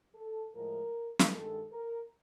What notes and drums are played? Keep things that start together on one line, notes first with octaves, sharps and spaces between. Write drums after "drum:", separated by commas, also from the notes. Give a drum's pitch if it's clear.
A4
A2 F3 G#3 A#4
drum: snare
G2 D#3 G#3 A4
A#4